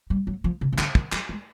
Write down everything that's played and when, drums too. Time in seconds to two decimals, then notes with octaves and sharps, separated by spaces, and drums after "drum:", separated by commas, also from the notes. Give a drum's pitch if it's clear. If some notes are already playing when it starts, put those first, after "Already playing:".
0.10 G3
0.27 F#3
0.44 F3
0.61 C#3
0.73 C#3
0.78 D3, drum: clap
0.95 D#3, drum: kick
1.12 F#3, drum: clap
1.29 G#3